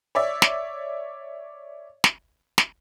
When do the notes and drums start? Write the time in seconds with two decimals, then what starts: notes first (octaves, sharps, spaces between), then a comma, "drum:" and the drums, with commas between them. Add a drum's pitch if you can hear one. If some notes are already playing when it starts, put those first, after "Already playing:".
0.15 C#5 D5 E5
0.42 drum: snare
2.04 drum: snare
2.58 drum: snare